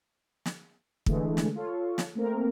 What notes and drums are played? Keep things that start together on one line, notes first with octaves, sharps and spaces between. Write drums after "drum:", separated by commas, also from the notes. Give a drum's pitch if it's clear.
drum: snare
D3 E3 G#3 A3, drum: kick
drum: snare
F4 A4 C#5
drum: snare
A3 A#3 C4 A#4